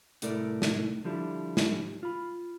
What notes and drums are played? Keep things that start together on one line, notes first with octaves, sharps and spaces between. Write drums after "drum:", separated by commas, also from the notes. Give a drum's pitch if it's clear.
C2 A2 A3 E4 A#4 D5, drum: hi-hat
drum: snare
D3 F3 G3 E4
drum: snare
F4 B5